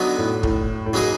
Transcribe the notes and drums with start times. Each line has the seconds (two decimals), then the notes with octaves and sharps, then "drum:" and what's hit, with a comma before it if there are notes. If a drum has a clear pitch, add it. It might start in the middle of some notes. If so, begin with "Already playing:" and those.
Already playing: D3 F#3 B3 D#4
0.18 A2
0.43 A2, drum: kick
0.86 A2
0.93 C#3 F#3 A#3 D#4 G#4